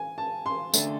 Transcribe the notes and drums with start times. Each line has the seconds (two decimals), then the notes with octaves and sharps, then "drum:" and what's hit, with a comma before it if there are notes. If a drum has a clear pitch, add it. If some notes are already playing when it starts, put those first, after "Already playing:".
Already playing: G#5
0.18 A5
0.46 C6
0.74 D3 A3 D4, drum: tambourine